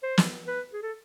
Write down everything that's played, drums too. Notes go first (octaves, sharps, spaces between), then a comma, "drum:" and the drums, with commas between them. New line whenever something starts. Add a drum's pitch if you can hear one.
C5
drum: snare
B4
G#4
A4